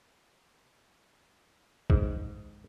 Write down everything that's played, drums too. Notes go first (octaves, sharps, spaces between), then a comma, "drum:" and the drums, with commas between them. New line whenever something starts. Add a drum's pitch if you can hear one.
G#2, drum: kick A#1